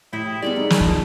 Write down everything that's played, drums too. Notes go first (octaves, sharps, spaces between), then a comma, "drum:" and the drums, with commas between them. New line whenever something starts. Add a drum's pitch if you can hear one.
A2 E4 G4 C5 D#5
G3 G#3 B3 C#4 A4 D5
G#3 D#4
drum: snare
F4 A5